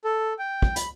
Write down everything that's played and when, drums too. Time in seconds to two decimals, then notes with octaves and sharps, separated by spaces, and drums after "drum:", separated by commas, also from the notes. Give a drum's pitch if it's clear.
0.04 A4
0.39 G5
0.62 drum: kick
0.76 B5, drum: hi-hat